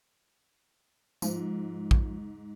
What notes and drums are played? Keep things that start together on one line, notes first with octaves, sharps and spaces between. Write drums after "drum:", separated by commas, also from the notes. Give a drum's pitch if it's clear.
G#2 F3, drum: tambourine
drum: kick